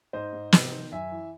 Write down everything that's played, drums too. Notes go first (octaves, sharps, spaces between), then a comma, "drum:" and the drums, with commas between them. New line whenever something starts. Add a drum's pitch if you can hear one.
G#2 C5 D#5
G#2
C3, drum: snare
D#3
F#2 E5 G#5
E3